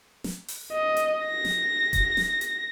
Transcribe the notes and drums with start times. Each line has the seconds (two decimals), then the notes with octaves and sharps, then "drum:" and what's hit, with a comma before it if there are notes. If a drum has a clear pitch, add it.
0.24 drum: snare
0.48 drum: open hi-hat
0.72 D#5
0.97 drum: hi-hat
1.26 A#6
1.45 drum: snare
1.93 drum: kick E1, hi-hat
2.17 drum: snare
2.41 drum: hi-hat